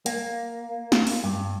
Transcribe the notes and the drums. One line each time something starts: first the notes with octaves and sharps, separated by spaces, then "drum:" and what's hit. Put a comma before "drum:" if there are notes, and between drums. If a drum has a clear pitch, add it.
A#3, drum: hi-hat
drum: snare
drum: open hi-hat
G2